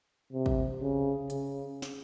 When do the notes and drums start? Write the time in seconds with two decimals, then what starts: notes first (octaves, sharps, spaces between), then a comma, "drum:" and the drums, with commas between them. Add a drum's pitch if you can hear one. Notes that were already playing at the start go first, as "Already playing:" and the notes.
0.33 C3
0.46 drum: kick
0.81 C#3
1.30 C#3, drum: hi-hat
1.82 drum: snare